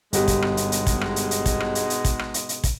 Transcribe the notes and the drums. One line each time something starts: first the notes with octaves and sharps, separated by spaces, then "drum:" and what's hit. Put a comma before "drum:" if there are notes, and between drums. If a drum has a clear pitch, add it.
G1 G#2 B2 G#3 G4, drum: hi-hat
drum: kick, hi-hat
drum: rim click
drum: hi-hat
drum: hi-hat
drum: kick, hi-hat
drum: rim click
drum: hi-hat
drum: hi-hat
drum: kick, hi-hat
drum: rim click
drum: hi-hat
drum: hi-hat
drum: kick, hi-hat
drum: rim click
drum: hi-hat
drum: hi-hat
drum: kick, hi-hat